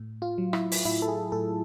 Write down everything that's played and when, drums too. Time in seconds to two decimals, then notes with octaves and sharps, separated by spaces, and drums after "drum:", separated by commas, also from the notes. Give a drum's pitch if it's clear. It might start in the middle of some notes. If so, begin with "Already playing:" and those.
Already playing: A2
0.22 F4
0.38 F#3
0.53 E4, drum: rim click
0.72 drum: open hi-hat
0.85 A2 E4
1.02 A4
1.08 G#4
1.32 A2 A4